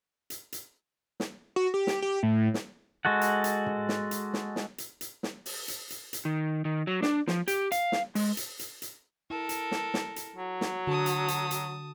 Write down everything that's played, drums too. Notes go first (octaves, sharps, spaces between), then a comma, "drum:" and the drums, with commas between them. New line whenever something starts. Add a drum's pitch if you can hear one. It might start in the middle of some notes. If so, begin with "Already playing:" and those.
drum: hi-hat
drum: hi-hat
drum: snare
F#4
G4
drum: snare
G4
A2
drum: snare
G#3 F#4 A4 F#5
drum: hi-hat
drum: hi-hat
drum: tom
drum: snare
drum: hi-hat
drum: snare
drum: snare
drum: hi-hat
drum: hi-hat
drum: snare
drum: open hi-hat
drum: hi-hat
drum: hi-hat
drum: hi-hat
D#3
D#3
F#3
D4, drum: snare
F3, drum: snare
G4, drum: hi-hat
F5, drum: hi-hat
drum: snare
G#3, drum: open hi-hat
drum: hi-hat
drum: hi-hat
drum: hi-hat
E4 A4 A#4
drum: hi-hat
drum: snare
drum: snare
drum: hi-hat
F#3
drum: snare
D3 F#4 A5 D#6
drum: hi-hat
drum: hi-hat
drum: hi-hat